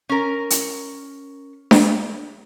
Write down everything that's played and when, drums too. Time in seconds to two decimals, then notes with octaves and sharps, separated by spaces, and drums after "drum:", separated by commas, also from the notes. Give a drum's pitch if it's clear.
0.09 C#4 A#4
0.50 drum: hi-hat
1.71 drum: snare D4